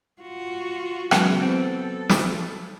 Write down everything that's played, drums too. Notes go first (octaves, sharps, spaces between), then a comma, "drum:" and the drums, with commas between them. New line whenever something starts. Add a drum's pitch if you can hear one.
F4 F#4
F#2 C#3 E3 F#3 G#3 B3 F#4, drum: rim click
C4 A4
drum: snare